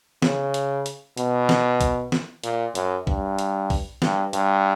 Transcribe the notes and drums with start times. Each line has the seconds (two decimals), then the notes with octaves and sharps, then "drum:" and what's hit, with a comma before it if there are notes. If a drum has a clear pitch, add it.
0.22 C#3, drum: snare
0.54 drum: hi-hat
0.86 drum: hi-hat
1.17 B2, drum: hi-hat
1.49 drum: snare
1.81 drum: kick A#1, hi-hat
2.12 drum: snare
2.44 A#2, drum: hi-hat
2.75 F#2, drum: hi-hat
3.07 G2, drum: kick A#1
3.39 drum: hi-hat
3.70 drum: kick A#1, open hi-hat
4.02 G2, drum: snare
4.33 G2, drum: hi-hat